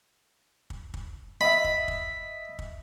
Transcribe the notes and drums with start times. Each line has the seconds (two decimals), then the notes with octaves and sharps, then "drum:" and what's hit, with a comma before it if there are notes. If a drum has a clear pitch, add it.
0.70 drum: kick
0.94 drum: kick
1.41 D#5 E5 B5
1.64 drum: kick
1.88 drum: kick
2.59 drum: kick